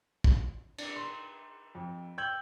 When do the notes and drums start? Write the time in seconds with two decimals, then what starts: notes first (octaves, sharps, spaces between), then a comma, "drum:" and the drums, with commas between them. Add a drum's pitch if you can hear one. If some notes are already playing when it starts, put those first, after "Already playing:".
0.24 drum: kick
0.78 D4, drum: cymbal
0.96 C6
1.75 F2
2.18 G5 E6 G6 G#6 F#7